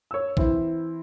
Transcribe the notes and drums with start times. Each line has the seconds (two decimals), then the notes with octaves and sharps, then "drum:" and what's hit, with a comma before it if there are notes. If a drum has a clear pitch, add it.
0.11 C#5 E6
0.37 E3 C4 E4, drum: kick